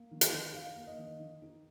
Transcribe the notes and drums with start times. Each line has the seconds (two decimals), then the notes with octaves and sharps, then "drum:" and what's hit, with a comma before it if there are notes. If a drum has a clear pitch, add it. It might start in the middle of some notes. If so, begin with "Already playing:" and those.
Already playing: A#3
0.11 D#3
0.21 drum: hi-hat
0.33 D#3
0.54 D#4 F5
0.76 A#3
0.87 D#5
0.98 D#3
1.20 D#3
1.42 D#4